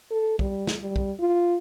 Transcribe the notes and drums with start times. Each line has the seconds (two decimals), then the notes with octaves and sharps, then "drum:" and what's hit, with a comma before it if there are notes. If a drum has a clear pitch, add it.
0.11 A4
0.39 G3, drum: kick
0.67 drum: snare
0.80 G3
0.96 drum: kick
1.20 F4